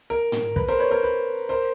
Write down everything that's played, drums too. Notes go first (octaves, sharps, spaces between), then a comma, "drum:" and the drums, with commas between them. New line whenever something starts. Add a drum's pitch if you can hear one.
A#4
drum: tom
B4, drum: kick
A#4 C5
B4 C#5
A#4 C5
B4
A#4 C5